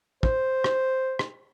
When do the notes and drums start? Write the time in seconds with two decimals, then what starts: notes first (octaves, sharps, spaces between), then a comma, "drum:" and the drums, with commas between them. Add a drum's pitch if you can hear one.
0.23 C5, drum: kick
0.64 drum: rim click
1.19 drum: rim click